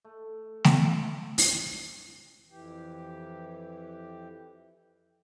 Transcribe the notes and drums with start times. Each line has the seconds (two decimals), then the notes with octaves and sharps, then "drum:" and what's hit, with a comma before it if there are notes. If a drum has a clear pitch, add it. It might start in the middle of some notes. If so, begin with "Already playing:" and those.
0.04 A3
0.64 drum: snare A3
1.38 drum: open hi-hat
2.50 F2 E3 G4